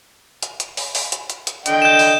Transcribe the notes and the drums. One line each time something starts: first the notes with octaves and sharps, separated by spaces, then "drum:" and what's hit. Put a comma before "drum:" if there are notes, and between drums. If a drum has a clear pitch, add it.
drum: hi-hat
drum: hi-hat
drum: open hi-hat
drum: open hi-hat
drum: hi-hat
drum: hi-hat
drum: hi-hat
D3 D#5 G5, drum: hi-hat
G6 E7
drum: open hi-hat